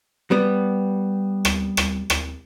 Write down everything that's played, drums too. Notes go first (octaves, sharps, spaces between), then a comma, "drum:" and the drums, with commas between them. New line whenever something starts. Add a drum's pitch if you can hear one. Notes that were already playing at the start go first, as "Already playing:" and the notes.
G3 B3
drum: rim click
drum: rim click
drum: rim click